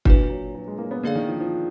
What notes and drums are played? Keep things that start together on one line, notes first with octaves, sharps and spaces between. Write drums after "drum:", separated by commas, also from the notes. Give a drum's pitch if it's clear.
A#2 D4 F#4 B4, drum: kick
F#3
F#3
G#3
A#3
B3
D3 A#3 D4 G#4 D5 F5
D#3
F3
F3